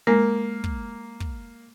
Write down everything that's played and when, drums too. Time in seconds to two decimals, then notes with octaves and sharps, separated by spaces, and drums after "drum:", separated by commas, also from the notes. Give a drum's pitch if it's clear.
0.07 G#3 A#3 A#4
0.64 drum: kick
1.20 drum: kick